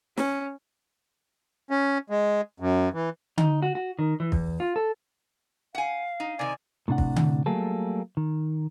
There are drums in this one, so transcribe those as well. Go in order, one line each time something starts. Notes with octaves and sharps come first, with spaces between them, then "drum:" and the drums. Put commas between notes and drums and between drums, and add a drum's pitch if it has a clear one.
C#4, drum: snare
C#4
G#3
F#2
E3
D#4, drum: tom D3
F#4
F#4
D#3
E3
E2, drum: kick
F4
A4
F5 F#5 G#5
D#4
C3 D#3 D5 G#5
A2 C3 D4 F#5
drum: kick
drum: tom D3
F#3 G3 A3 A#3 G#4 A4
D#3